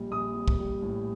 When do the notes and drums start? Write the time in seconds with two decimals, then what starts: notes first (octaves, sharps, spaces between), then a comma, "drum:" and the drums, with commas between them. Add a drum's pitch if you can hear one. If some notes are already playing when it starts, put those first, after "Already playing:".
Already playing: A#1 G3
0.11 A#1 D#6
0.34 G3
0.48 drum: kick
0.59 G3
0.82 A2